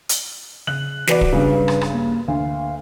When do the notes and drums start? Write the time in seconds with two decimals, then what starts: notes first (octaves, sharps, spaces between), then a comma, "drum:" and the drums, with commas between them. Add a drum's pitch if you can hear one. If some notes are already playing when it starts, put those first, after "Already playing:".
0.09 drum: hi-hat
0.67 C#3 F#6 F#7
1.07 E3 F#4 B4 D5, drum: snare
1.21 drum: kick D1
1.33 G2 C#3 B4
1.68 drum: rim click
1.81 drum: rim click
1.93 A#3
2.28 D2 F5